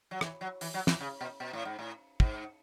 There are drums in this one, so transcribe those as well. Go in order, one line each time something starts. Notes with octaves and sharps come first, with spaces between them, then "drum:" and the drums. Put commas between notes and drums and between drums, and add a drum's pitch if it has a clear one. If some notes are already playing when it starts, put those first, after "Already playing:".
F#3
E3, drum: rim click
F#3
E3, drum: open hi-hat
F#3
E3, drum: snare
C#3
B2
B2
A2
G#2
A2
G#2, drum: kick